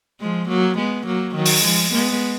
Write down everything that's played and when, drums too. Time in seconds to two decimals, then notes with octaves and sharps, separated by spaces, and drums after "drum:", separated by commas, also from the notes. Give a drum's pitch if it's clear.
0.21 F3 G#3
0.49 F#3 A#3
0.78 G#3 B3
1.07 F#3 A#3
1.36 D#3 F#3
1.46 drum: open hi-hat
1.64 F3 G#3
1.93 G#3 B3